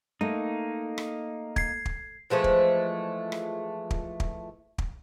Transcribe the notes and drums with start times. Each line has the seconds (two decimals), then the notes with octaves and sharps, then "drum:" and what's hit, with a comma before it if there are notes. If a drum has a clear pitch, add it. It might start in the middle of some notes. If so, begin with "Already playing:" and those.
0.21 A3 A#3 D#4
0.98 drum: rim click
1.56 G#6 C7, drum: kick
1.86 drum: kick
2.30 E3 F3 G#3 A3
2.44 drum: kick
3.32 drum: rim click
3.91 drum: kick
4.20 drum: kick
4.78 drum: kick